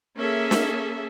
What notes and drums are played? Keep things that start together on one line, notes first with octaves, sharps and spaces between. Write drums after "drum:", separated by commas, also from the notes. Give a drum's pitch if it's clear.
A#3 C#4 G#4 A4 E5
drum: snare